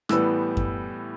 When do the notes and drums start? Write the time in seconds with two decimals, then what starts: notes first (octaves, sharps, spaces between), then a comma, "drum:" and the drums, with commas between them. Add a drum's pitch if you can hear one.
0.09 A2 E3 G3 B3 E6, drum: rim click
0.57 drum: kick F#2